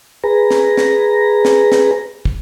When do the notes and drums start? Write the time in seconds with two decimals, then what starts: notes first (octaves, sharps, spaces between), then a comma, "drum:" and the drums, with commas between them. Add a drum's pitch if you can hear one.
0.24 G#4 B4 A#5
0.51 drum: snare
0.77 drum: snare
1.45 drum: snare
1.72 drum: snare
2.25 drum: kick